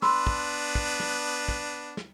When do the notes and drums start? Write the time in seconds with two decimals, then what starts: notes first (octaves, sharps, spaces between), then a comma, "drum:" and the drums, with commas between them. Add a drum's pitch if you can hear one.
0.02 B3 D4 B5 C6 E6, drum: snare
0.27 drum: kick
0.75 drum: kick
1.00 drum: snare
1.48 drum: kick
1.97 drum: snare